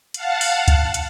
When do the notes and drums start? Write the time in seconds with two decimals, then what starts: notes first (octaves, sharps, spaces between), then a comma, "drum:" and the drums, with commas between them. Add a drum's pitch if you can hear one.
0.14 F5 F#5 A5, drum: hi-hat
0.41 drum: open hi-hat
0.68 drum: kick C#2, hi-hat
0.94 drum: hi-hat